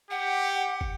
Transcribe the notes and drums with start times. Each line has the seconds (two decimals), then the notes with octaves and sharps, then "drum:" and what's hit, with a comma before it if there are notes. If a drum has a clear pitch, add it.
0.11 G4 F#5
0.81 drum: kick